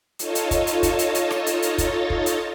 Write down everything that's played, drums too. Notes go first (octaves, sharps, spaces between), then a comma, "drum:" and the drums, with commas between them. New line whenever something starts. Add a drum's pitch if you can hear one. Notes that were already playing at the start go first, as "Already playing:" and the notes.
D#4 F4 A4 C#5 D#5 A5, drum: hi-hat
drum: hi-hat
drum: kick, hi-hat
drum: hi-hat
drum: kick, hi-hat
drum: hi-hat
drum: hi-hat
drum: rim click
drum: hi-hat
drum: hi-hat
drum: kick, hi-hat
drum: kick
drum: hi-hat